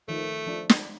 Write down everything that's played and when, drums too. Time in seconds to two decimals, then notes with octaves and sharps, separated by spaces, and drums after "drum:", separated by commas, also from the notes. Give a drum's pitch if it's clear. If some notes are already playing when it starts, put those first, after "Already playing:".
0.08 D#3 F3 A3
0.47 F3 D4
0.69 drum: snare